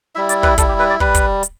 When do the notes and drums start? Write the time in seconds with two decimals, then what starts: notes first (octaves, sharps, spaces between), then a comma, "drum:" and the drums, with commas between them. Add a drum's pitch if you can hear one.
0.15 G3 E4 E5
0.29 D5, drum: hi-hat
0.43 B4, drum: kick
0.58 G3 E4 A4, drum: kick, hi-hat
0.68 G4
0.79 B4
0.90 D5
1.00 G3 B4, drum: kick
1.14 drum: kick, hi-hat
1.43 drum: hi-hat